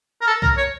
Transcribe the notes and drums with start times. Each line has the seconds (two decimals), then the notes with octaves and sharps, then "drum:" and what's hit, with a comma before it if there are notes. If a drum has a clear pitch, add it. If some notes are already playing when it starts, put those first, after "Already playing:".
0.21 A#4
0.27 A4
0.42 A#4, drum: kick C2
0.57 C#5